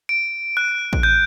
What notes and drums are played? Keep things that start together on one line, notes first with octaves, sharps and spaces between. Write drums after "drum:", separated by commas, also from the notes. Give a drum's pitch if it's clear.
D7
F#6
drum: kick A1
G6